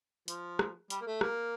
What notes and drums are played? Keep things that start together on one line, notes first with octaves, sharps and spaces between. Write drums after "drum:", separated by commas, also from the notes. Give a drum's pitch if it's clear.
F3, drum: hi-hat
drum: rim click
G3, drum: hi-hat
A#3
A3
A#3, drum: rim click